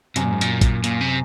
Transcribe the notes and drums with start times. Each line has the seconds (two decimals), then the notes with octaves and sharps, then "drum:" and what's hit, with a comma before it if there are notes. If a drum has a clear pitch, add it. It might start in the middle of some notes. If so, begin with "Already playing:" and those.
0.16 F#2 C3, drum: hi-hat
0.24 A#2
0.32 G#2
0.41 A#2, drum: hi-hat
0.61 drum: kick, hi-hat
0.84 A#2, drum: hi-hat
1.01 C3